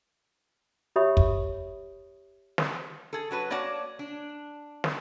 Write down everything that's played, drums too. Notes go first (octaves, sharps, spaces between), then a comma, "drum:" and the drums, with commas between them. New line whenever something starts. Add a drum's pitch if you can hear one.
G4 C#5 E5 B5 D#6
drum: kick
drum: snare
G#4 A4
F#3 F#4 B4 A5
A#3 F#4 C#5 D5 F#5 A5
D4
drum: snare